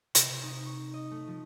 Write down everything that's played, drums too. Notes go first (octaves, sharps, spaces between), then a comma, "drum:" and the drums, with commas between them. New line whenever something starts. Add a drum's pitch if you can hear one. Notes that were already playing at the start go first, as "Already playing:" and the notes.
C3, drum: hi-hat
D#4
C#6
D#5
A3
F3